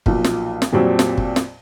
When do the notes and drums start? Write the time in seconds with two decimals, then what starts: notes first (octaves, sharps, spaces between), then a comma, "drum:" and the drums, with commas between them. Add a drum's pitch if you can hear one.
0.06 B1 A#2 F3, drum: kick
0.24 drum: snare
0.62 drum: snare
0.72 F2 A#2 F#3 G3 C4
0.99 drum: snare
1.17 drum: kick
1.36 drum: snare